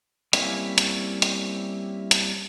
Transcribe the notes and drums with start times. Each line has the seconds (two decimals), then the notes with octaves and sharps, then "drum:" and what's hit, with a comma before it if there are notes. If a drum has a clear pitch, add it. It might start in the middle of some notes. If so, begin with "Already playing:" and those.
0.33 G3 A#3 C4 C#4 E4, drum: hi-hat
0.78 drum: hi-hat
1.22 drum: hi-hat
2.11 drum: hi-hat